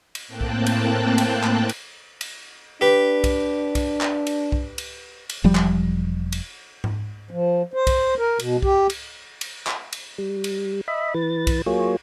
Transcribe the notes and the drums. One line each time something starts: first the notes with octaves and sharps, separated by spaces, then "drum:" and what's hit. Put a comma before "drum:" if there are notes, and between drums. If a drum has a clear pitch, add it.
drum: cymbal
A2 A#3 C4 G5 A5 F#6
drum: kick B1
drum: cymbal
drum: cymbal
drum: clap
drum: cymbal
drum: cymbal
D4 G4 B4
drum: kick B1, cymbal
drum: kick B1, cymbal
drum: clap
drum: cymbal
drum: kick B1
drum: cymbal
drum: cymbal
E1 F3 G3
drum: clap
drum: cymbal
drum: tom G#2
F3
C5
drum: kick B1, cymbal
A#4
B2, drum: cymbal
G4, drum: kick B1
drum: cymbal
drum: cymbal
drum: clap
drum: cymbal
G3
drum: cymbal
D#5 E5 B5
E3 B4 A6
drum: kick B1, cymbal
F#3 A#3 F4 G#4 C#5